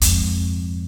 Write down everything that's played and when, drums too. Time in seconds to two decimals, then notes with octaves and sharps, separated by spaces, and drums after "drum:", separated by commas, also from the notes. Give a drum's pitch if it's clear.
0.01 F2 G#2, drum: hi-hat